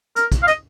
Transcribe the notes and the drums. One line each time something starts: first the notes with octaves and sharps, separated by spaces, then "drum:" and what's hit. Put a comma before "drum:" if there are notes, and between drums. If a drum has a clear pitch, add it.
A#4, drum: hi-hat
drum: kick, hi-hat
F5
D#5, drum: hi-hat